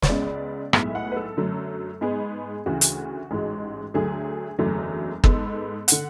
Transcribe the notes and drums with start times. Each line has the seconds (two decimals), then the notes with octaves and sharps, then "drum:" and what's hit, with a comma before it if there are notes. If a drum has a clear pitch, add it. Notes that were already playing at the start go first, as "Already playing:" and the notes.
0.02 C#5, drum: snare
0.09 C#2 C#3 G#3 B3 D5
0.73 B1 A2 G#3 B3 E5, drum: rim click
0.95 F#5
1.12 B4
1.17 A4
1.37 F#2 D3 F#3 A3
2.01 G#2 G#3 B3 G#4
2.66 D2 C#3 E3 F#4
2.81 drum: hi-hat
3.31 A1 G#2 G#3
3.94 D2 D3 F#3 A3 G#4
4.59 F#1 E2 D3 F#3 A3
5.24 G#2 G#3 B3 A4, drum: kick
5.88 D3 F#5, drum: hi-hat